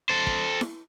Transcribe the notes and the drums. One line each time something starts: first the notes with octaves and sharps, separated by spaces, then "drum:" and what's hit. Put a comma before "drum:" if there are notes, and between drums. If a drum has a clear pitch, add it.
A4 C5
drum: kick
drum: snare E4